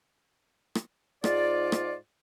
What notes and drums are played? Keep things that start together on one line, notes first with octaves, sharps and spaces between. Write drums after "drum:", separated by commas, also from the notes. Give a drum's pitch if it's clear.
drum: rim click
G#2 F4 D5, drum: rim click
drum: rim click